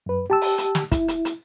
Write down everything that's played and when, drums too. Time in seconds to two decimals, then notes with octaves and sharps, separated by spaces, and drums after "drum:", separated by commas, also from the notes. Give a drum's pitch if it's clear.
0.06 F#2 B4
0.30 G4 A5 E6
0.41 drum: open hi-hat
0.58 drum: hi-hat
0.75 drum: snare
0.92 E4, drum: kick, hi-hat
1.08 drum: hi-hat
1.25 drum: hi-hat